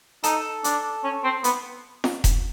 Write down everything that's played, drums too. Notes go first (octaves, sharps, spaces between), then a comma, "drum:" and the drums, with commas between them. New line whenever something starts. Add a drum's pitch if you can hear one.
D#4 A4, drum: hi-hat
D4, drum: hi-hat
C#4
C4
B3, drum: hi-hat
drum: snare F4
drum: kick E1, hi-hat